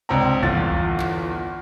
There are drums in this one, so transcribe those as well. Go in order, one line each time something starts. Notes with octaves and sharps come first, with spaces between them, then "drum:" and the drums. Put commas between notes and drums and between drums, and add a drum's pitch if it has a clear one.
C#2 C4 D4 G5 A#5
G1 E2 F4 A6, drum: kick
drum: kick
drum: clap